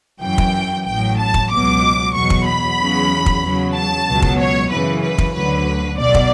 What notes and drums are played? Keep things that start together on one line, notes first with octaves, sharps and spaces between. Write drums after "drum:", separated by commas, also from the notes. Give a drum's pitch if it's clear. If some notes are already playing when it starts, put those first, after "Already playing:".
F#2 E3 G5
drum: kick
A1 A2 F#3 G5
A5
drum: kick
C#2 B2 F#3 D6
E2 B2 F#3 C#6
drum: kick
B5
E2 C#3 F#3
drum: kick
E2 C#3 F#3
A5
C#2 B2 F#3
drum: kick
C#5
F#2 C#3 E3 B4
B4
drum: kick
D2 D3 F#3 B4
B1 B2 F#3 D5
drum: kick